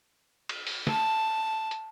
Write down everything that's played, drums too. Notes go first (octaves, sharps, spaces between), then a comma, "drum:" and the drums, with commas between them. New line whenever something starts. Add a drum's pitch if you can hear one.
drum: cymbal
drum: open hi-hat
A5, drum: snare
drum: hi-hat